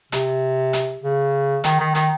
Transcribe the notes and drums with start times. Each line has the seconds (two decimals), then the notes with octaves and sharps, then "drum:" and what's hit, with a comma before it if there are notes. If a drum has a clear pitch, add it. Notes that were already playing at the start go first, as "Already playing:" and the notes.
0.12 C3, drum: hi-hat
0.73 drum: hi-hat
1.04 C#3
1.64 D#3, drum: hi-hat
1.80 D#3
1.95 D#3, drum: hi-hat